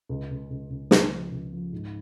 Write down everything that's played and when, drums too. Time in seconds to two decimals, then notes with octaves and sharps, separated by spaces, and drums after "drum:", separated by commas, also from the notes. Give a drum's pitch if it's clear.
0.09 C#2
0.31 C#2
0.50 C#2
0.70 C#2
0.91 C#2, drum: snare
1.11 F3
1.32 C#2
1.53 F3
1.73 G#2